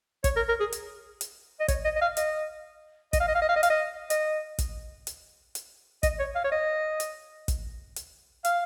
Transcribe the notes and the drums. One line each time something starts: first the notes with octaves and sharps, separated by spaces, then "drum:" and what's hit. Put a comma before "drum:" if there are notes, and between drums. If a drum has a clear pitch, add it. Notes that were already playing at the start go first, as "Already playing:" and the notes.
C#5, drum: kick, hi-hat
A#4
A#4
G#4
drum: hi-hat
drum: hi-hat
D#5
C#5, drum: kick, hi-hat
D#5
D#5
F5
D#5, drum: hi-hat
D#5, drum: kick, hi-hat
F5
D#5
F5
D#5
F5
D#5
F5, drum: hi-hat
D#5
D#5, drum: hi-hat
drum: kick, hi-hat
drum: hi-hat
drum: hi-hat
D#5, drum: kick, hi-hat
C#5
F5
C#5
D#5
drum: hi-hat
drum: kick, hi-hat
drum: hi-hat
F5, drum: hi-hat